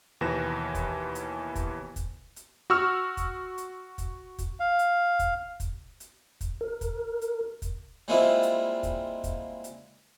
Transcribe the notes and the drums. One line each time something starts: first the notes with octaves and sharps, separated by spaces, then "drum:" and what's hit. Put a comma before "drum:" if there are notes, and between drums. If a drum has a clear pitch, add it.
D#2 B2 E3 B4 A#6 E7
drum: kick, hi-hat
drum: hi-hat
drum: kick, hi-hat
drum: kick, hi-hat
drum: hi-hat
F#4 C#6 E6 F6
drum: kick, hi-hat
drum: hi-hat
drum: kick, hi-hat
drum: kick, hi-hat
F5
drum: hi-hat
drum: kick, hi-hat
drum: kick, hi-hat
drum: hi-hat
drum: kick, hi-hat
A#4
drum: kick, hi-hat
drum: hi-hat
drum: kick, hi-hat
G3 G#3 A#3 C4 E4 F4
drum: hi-hat
drum: kick, hi-hat
drum: kick, hi-hat
drum: hi-hat